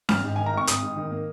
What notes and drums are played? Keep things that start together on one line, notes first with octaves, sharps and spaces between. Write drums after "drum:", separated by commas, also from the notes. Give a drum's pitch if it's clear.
G#1 F6, drum: snare C#4
G#2
D#3 G#5
A#5
G#1 C#6
G#1 D#6, drum: hi-hat
G#2
D#3
A#3